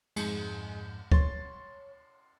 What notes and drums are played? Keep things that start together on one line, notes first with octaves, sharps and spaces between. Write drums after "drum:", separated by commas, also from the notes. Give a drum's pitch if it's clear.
F2 G#2 G#3 G6, drum: cymbal
C#5 C6 A6, drum: kick D2